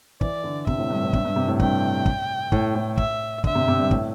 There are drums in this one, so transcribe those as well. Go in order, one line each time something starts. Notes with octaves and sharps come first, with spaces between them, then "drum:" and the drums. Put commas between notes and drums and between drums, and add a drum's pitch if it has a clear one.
E3 D5, drum: kick
D3
C3 E5, drum: kick
A2
G2
A2
G2, drum: kick
G2
C3
A2
G2 G5, drum: kick
drum: kick
A2, drum: kick
A2
E5, drum: kick
D3 E5, drum: kick
C3
C3
G2
A2, drum: kick